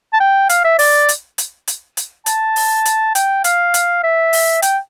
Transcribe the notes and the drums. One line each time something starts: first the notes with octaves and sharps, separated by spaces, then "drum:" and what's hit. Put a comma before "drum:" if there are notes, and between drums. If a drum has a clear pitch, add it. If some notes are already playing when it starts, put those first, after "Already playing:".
A5
G5
F5, drum: hi-hat
E5
D5, drum: open hi-hat
drum: hi-hat
drum: hi-hat
drum: hi-hat
drum: hi-hat
A5, drum: hi-hat
drum: open hi-hat
drum: hi-hat
G5, drum: hi-hat
F5, drum: hi-hat
drum: hi-hat
E5
drum: open hi-hat
G5, drum: hi-hat